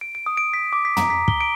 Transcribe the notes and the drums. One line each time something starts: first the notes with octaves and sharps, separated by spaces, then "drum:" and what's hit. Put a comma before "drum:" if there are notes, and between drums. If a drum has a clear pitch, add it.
D7
D7
D#6
D7
B6
D6
B6
A#5, drum: tom
B6
G7, drum: kick
D7